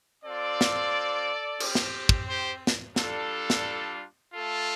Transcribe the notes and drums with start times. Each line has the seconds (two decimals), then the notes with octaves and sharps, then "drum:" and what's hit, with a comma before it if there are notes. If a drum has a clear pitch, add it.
0.23 C4 F4 A4 D5
0.61 drum: snare
1.60 C4 G4, drum: cymbal
1.75 drum: snare
2.09 drum: kick
2.28 G4 C5
2.67 drum: snare
2.96 G3 D4 F4 A4, drum: snare
3.50 drum: snare
4.33 A3 F4 A4